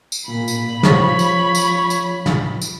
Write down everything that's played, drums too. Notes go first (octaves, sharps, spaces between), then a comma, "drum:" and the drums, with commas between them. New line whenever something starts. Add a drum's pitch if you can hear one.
drum: tambourine
A#2 F4 B5
drum: tambourine
F3 C#5, drum: snare
drum: tambourine
drum: tambourine
drum: tambourine
drum: snare
drum: tambourine